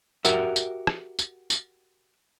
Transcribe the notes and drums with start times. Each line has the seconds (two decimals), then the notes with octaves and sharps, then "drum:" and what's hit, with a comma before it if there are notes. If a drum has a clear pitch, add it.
0.25 F#4 G4 A#4 E5, drum: tambourine
0.56 drum: tambourine
0.87 drum: rim click
1.19 drum: tambourine
1.50 drum: tambourine